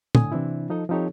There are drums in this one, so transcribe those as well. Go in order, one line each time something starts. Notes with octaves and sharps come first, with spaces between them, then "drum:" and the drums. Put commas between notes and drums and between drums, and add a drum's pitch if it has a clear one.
A2 D3 G#5 D#6, drum: tom
C3 E3 C4 D4 E4
F3 D#4 A4 D#5
F3 C4 D#4 G4 A4 C#5